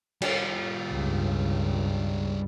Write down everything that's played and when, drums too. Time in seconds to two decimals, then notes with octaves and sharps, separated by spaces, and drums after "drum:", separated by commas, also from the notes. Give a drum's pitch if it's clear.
0.22 G3 F4, drum: cymbal
0.90 C#2 G2